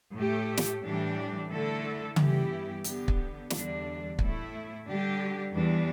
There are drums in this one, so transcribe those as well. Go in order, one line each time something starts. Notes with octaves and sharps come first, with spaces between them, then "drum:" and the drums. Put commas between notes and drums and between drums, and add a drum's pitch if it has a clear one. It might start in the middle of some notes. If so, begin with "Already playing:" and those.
A2 A3 G4
drum: snare
A2 E3 G3 D4 G4
D3 A3 E4 A4
G2 E3 B3 E4 G4, drum: tom C#3
D3 B3 G4, drum: hi-hat
drum: kick
E2 D3 G3 D4, drum: snare
A2 A3 E4, drum: kick
D3 G3 D4 G4
E2 E3 G3 D4